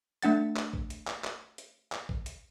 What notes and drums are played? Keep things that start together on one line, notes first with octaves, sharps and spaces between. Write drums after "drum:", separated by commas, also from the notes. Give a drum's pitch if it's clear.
A3 D4 F#5 A6, drum: hi-hat
drum: clap
drum: kick
drum: hi-hat
drum: clap
drum: clap
drum: hi-hat
drum: clap
drum: kick
drum: hi-hat